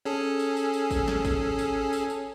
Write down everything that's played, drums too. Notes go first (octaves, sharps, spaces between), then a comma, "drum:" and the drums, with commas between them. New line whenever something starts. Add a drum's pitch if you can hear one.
C#4 G#4 A4
drum: tambourine
drum: tambourine
drum: tambourine
drum: kick, tambourine
drum: snare
drum: kick, tambourine
drum: tambourine
drum: tambourine
drum: tambourine